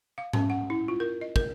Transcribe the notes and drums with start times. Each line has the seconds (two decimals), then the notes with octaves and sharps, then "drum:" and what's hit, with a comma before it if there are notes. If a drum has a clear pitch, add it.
0.18 F5
0.33 C#4, drum: tom G#2
0.50 F#5
0.70 E4
0.88 F4
1.00 A#4
1.21 D#5
1.36 A#4, drum: kick